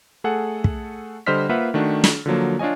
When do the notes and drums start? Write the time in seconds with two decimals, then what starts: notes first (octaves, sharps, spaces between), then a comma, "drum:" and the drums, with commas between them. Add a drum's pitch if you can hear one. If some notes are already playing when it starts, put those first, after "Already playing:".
0.24 A3 G#4 A4 F#5
0.64 drum: kick
1.26 D3 G3 C5 D#5 F6 B6
1.49 A#3 F4 B4 C5 E5 F#5
1.74 D#3 A3 D4 F#4
2.04 drum: snare
2.26 D3 F3 F#3 A#3
2.59 D4 F4 C#5 D#5 G#5